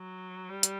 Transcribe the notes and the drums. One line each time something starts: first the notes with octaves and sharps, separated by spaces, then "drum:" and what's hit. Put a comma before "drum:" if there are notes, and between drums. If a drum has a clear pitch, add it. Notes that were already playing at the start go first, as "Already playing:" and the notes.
Already playing: F#3
G3
drum: hi-hat